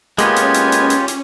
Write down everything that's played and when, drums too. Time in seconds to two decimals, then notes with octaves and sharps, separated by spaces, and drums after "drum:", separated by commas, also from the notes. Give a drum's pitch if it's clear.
0.18 G#3 A#3 B3 C#4 F4 G4 G#5, drum: hi-hat
0.36 drum: hi-hat
0.54 drum: hi-hat
0.72 drum: hi-hat
0.90 drum: hi-hat
1.08 drum: hi-hat